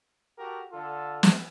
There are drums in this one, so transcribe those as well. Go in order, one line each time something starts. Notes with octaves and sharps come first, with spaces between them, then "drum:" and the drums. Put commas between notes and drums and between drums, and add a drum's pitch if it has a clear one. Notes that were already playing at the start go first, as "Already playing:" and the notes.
F#4 G4 A4 A#4
D3 F4 A4
drum: snare